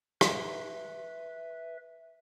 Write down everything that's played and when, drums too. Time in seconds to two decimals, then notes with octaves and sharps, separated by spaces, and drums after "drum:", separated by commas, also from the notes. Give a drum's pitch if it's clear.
0.21 B4 E5, drum: rim click